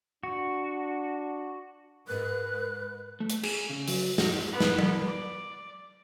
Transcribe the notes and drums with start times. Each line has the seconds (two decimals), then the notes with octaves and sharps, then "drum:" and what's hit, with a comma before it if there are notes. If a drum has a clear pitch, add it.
0.23 D4 F#4
2.08 G#2 A#4 B4 F#6
3.20 A3
3.30 drum: hi-hat
3.43 G#4, drum: cymbal
3.70 C#3
3.88 F#3, drum: open hi-hat
4.18 F#4, drum: snare
4.51 B3
4.60 drum: snare
4.79 drum: tom F#3
5.06 D5